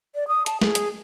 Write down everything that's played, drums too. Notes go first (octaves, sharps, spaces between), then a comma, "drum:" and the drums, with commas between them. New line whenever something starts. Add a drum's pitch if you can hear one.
D5
D#6
A5, drum: hi-hat
G#4, drum: snare
drum: hi-hat